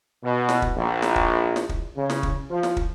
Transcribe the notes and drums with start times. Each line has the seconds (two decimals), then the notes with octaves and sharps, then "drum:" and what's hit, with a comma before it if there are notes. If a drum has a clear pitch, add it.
0.23 B2
0.49 drum: snare
0.62 drum: kick
0.75 A#1
1.02 drum: snare
1.16 drum: kick
1.56 drum: snare
1.69 drum: kick
1.96 C#3
2.10 drum: snare
2.23 drum: kick
2.50 F3
2.63 drum: snare
2.77 drum: kick